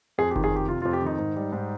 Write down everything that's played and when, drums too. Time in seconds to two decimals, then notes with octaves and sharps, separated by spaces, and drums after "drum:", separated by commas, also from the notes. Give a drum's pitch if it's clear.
0.18 F2 G#4
0.31 G4
0.36 D#3, drum: kick F#1
0.44 G#4
0.52 F2 G4
0.68 C3 F4
0.82 F2 F4
0.93 G4
1.02 D#3 D#4
1.18 G#2
1.36 G3
1.52 G#2